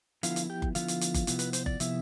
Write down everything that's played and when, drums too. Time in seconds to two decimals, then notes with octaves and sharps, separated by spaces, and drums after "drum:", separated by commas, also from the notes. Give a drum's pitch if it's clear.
0.23 D3 F3 B3 E4 F4 F5, drum: hi-hat
0.36 drum: hi-hat
0.49 G4 G5
0.62 drum: kick F#1
0.75 D3 F3 B3 E4 F4 F5, drum: hi-hat
0.88 drum: hi-hat
1.01 drum: hi-hat
1.14 drum: kick F#1, hi-hat
1.27 C3 F3 B3 E4, drum: hi-hat
1.39 B4, drum: hi-hat
1.53 C5, drum: hi-hat
1.66 D5, drum: kick F#1
1.80 C3 F3 B3 E4 E5, drum: hi-hat